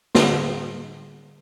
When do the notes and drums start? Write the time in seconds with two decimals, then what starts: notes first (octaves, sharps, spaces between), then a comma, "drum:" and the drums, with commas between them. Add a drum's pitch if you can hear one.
0.15 D3 G3 G#4, drum: snare